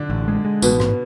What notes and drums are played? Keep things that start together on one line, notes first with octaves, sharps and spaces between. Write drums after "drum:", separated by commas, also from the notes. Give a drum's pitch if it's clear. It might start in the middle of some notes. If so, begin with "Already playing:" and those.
Already playing: D3 D4
A1
G#3
G#3
A1 B2 B3, drum: tambourine
G#2, drum: rim click